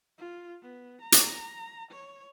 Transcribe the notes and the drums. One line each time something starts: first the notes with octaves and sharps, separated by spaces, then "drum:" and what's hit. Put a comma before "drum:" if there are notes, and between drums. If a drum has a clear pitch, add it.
F4
B3
A#5
drum: hi-hat
C#5